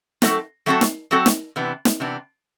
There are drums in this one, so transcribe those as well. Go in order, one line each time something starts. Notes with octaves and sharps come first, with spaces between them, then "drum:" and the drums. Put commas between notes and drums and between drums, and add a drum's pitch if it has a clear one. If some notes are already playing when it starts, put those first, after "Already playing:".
F#3 A3 C4 F#4 A4, drum: snare
F#3 A3 C4 F#4 A4
drum: snare
F#3 A3 C4 F#4 A4
drum: snare
C3 E3 B3 D4
drum: snare
C3 E3 B3 D4